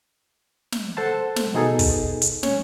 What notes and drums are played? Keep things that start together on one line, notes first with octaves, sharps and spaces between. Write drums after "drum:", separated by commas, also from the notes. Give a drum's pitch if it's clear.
drum: snare
A4 C5 F#5 A5 C6
drum: snare
B2 D#4 G#4 A4
drum: kick, open hi-hat
drum: hi-hat
C#4 C#5, drum: snare